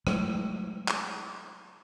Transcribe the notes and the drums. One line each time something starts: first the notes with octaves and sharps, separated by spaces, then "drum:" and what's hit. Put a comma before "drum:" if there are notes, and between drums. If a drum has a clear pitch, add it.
F#3 G#3 A3, drum: rim click
drum: clap